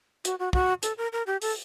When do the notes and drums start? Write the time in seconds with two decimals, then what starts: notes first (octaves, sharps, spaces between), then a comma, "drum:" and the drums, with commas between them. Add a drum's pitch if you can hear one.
0.25 F#4, drum: hi-hat
0.39 F#4
0.53 F#4, drum: kick
0.83 A4, drum: hi-hat
0.98 A#4
1.13 A#4
1.27 G4
1.42 A4, drum: open hi-hat